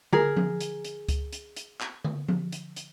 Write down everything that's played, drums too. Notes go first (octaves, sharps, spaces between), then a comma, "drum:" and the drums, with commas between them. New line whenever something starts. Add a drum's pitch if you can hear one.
G#4 A#4, drum: tom D3
drum: tom F3
drum: hi-hat
drum: hi-hat
drum: kick C#2, hi-hat
drum: hi-hat
drum: hi-hat
drum: clap
drum: tom D3
drum: tom F3
drum: hi-hat
drum: hi-hat